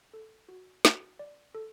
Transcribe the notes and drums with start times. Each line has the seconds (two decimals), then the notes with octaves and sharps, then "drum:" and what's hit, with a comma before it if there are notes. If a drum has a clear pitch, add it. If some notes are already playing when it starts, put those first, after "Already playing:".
0.14 A4
0.49 F#4
0.85 F#4, drum: snare
1.19 D5
1.55 A4